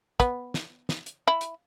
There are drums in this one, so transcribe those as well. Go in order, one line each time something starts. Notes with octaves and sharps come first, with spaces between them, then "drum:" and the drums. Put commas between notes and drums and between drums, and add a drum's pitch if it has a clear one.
B3, drum: kick, hi-hat
drum: snare
drum: snare
drum: hi-hat
E4
drum: hi-hat